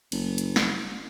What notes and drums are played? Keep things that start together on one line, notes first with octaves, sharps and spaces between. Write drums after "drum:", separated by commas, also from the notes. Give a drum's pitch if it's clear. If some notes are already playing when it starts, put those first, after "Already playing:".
F#1, drum: cymbal
drum: hi-hat
drum: snare